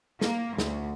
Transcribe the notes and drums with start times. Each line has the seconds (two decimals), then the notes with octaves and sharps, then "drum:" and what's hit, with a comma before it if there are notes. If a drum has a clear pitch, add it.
0.21 A#3, drum: snare
0.58 D2, drum: snare